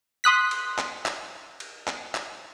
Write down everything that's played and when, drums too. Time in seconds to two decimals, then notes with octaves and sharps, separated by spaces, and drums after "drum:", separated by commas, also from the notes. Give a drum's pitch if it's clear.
0.24 C6 D#6 F#6 B6
0.51 drum: cymbal
0.78 drum: clap
1.06 drum: clap
1.60 drum: cymbal
1.87 drum: clap
2.15 drum: clap